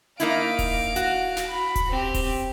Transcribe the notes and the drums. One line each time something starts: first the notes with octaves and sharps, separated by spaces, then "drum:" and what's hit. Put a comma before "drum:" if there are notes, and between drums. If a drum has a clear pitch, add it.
A#3 D#4 E4 F5 D7, drum: hi-hat
drum: kick D#1, open hi-hat
F#4, drum: hi-hat
drum: snare
B5
drum: kick D#1, hi-hat
C4 G4
drum: kick D#1, open hi-hat